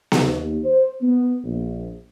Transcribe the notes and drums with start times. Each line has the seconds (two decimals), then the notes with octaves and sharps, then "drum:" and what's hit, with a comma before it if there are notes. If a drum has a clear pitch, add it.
0.12 drum: snare B3
0.21 D#2
0.64 C5
1.01 B3
1.44 A#1